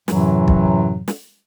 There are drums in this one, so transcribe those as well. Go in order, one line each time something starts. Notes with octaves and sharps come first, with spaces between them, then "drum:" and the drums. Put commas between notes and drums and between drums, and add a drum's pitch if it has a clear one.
F#2 A2 C3 E3 F#3, drum: snare
drum: kick
drum: snare